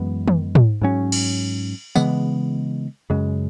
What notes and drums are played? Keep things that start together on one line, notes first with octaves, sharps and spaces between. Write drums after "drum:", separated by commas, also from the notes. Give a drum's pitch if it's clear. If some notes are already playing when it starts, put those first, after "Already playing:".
Already playing: F#2 E3 G#3 B3
drum: tom
drum: tom
G#2 F#3 C#4
drum: cymbal
C#3 E3 G#3 B3, drum: tambourine
F#2 C#3 G#3